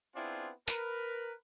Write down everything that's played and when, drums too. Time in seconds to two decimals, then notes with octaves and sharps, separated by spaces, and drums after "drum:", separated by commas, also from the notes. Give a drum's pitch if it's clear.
0.16 B3 C4 D4 E4 F4 G#4
0.68 A#4 B4, drum: tambourine